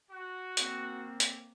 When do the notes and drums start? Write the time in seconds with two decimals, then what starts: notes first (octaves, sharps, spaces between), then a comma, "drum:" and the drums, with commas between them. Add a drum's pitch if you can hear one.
0.11 F#4
0.57 A#3 C4, drum: hi-hat
1.20 drum: hi-hat